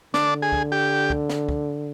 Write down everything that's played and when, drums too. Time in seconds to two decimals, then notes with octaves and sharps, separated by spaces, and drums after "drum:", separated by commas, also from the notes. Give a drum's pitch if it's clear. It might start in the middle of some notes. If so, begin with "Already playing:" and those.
0.14 D3 D4, drum: snare
0.42 G#4
0.52 drum: kick
0.72 G4
1.10 drum: kick
1.29 drum: snare
1.49 drum: kick